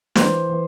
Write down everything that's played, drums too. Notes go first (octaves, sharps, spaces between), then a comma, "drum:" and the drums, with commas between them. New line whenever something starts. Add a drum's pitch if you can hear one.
E3 C5, drum: snare
E3